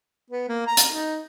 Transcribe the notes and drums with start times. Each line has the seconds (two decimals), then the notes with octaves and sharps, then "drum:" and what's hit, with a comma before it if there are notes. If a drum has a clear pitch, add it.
0.30 B3
0.48 A#3
0.67 A#5
0.77 drum: hi-hat
0.91 D#4